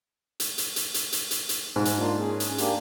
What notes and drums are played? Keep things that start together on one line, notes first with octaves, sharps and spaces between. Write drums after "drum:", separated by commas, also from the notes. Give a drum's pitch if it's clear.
drum: hi-hat
drum: hi-hat
drum: hi-hat
drum: hi-hat
drum: hi-hat
drum: hi-hat
drum: hi-hat
G#2
drum: hi-hat
A#3 D4 F4
C#4 G#4
drum: hi-hat
A#3 D4 G4, drum: hi-hat